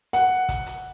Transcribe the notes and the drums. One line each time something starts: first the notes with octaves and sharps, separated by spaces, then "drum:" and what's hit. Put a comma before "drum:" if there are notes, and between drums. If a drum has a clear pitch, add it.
F#5, drum: hi-hat
drum: kick, hi-hat
drum: hi-hat